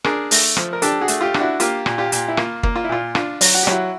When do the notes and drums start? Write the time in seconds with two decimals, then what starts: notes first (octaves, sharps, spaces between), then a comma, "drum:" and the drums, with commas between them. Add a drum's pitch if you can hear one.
0.04 D4 G#4 A#4, drum: rim click
0.31 A3, drum: open hi-hat
0.57 F3, drum: rim click
0.73 A#4
0.82 D4 G4 A4, drum: hi-hat
1.01 F#4 G#4
1.08 A3, drum: hi-hat
1.21 F4 G4
1.34 D4, drum: rim click
1.40 E4 F#4
1.60 A#3 F4 G4, drum: hi-hat
1.86 A#2, drum: rim click
1.98 F4 G4
2.12 A#2, drum: hi-hat
2.28 E4
2.37 A#3 F4, drum: rim click
2.63 A#3, drum: kick
2.76 F4
2.84 E4
2.89 A#2 F4
3.15 D4 F4, drum: rim click
3.41 F#3, drum: open hi-hat
3.54 F#4
3.63 G4
3.67 F#3 E4 F#4, drum: rim click